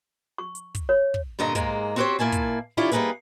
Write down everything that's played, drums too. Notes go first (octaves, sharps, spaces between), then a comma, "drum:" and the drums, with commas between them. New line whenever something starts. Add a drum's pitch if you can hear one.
C#6
drum: hi-hat
drum: kick, hi-hat
C#5
drum: kick
G2 A#2 D3 D#5 A#5
G#2 G#3 A#3, drum: kick, hi-hat
C4 F#4 G4 A4 C5 C#5
A#2 A#3 E4 G#5 A5
drum: kick, hi-hat
D#3 D4 E4 F4 G4 C#5
G3 A#3 C4 D#4 G#4 B4, drum: hi-hat